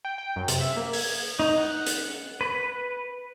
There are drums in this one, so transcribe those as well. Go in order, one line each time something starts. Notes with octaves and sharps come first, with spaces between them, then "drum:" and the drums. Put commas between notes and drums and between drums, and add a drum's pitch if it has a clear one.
G5
G5
F#2
C3, drum: hi-hat
E5
A#3
G#6, drum: open hi-hat
D#4
F#5
drum: hi-hat
B4